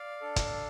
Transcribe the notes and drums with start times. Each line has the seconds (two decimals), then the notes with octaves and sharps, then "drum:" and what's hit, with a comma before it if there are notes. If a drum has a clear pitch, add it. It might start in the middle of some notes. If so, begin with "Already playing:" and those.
Already playing: D5 F5
0.21 D4 A4
0.36 drum: kick, hi-hat